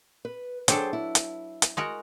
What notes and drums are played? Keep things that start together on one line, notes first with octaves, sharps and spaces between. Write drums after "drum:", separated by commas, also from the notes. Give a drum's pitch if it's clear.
B4
F#3 D4 G#4 A4 C5 G5, drum: hi-hat
E4
drum: hi-hat
drum: hi-hat
G#3 F#4 A#4